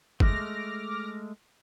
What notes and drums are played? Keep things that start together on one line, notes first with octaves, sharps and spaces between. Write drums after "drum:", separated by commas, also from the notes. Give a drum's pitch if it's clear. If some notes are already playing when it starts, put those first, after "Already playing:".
G#3 A3 D6 F6 A#6, drum: kick F#1